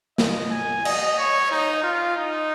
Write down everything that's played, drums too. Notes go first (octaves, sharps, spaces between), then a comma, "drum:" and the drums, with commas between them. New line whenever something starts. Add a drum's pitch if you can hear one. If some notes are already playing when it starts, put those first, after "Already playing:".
D#5, drum: snare
G#5
D#5, drum: cymbal
C#5
D#4
F4
D#4